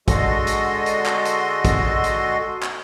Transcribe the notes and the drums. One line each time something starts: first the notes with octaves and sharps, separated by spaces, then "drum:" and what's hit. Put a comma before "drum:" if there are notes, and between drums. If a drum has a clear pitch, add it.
D3 G#3 F#4 A4 D#5 C6, drum: kick, hi-hat
drum: hi-hat
drum: hi-hat
drum: clap
drum: hi-hat
drum: kick, hi-hat
drum: hi-hat
drum: clap